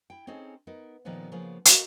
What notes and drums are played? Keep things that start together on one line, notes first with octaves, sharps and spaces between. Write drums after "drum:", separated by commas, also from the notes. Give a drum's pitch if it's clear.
E4 G5
C4 C#4 D#4 G#4 A4
B3 D#4 A#4
A#2 D#3 F3 G#3 B3 C4
C#3 F3 A#3 B3 G#4
F#4 A4 A#4 D#5 F5, drum: hi-hat